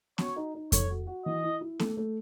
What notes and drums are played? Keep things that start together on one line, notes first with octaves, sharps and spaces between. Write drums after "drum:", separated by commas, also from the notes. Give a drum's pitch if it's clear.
F#4 C#5, drum: snare B3
D#4
D#4
A4 C#5, drum: kick F2, hi-hat
F#4
F#4
E3 D#5
E4
E4
A3, drum: snare B3
A3